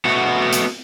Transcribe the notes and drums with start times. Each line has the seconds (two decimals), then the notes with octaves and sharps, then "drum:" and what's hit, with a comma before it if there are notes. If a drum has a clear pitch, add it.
0.05 A3 B3 F#4
0.53 drum: hi-hat